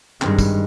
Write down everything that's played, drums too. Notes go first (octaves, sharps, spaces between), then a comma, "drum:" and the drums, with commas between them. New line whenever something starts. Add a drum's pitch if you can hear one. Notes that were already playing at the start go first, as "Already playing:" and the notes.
G2 C3 D#3 G#3, drum: clap
drum: kick, tambourine